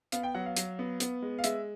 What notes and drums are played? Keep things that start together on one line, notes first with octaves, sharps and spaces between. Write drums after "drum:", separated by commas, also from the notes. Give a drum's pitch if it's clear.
B3 F5, drum: hi-hat
G5
F#3 F#5
F5
F#3, drum: hi-hat
B3
B3, drum: hi-hat
G#3
F5
G#3 E5, drum: hi-hat